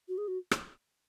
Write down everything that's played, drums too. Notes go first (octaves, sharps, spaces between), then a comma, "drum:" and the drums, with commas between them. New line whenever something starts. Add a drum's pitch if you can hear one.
F#4
G#4
F#4
drum: rim click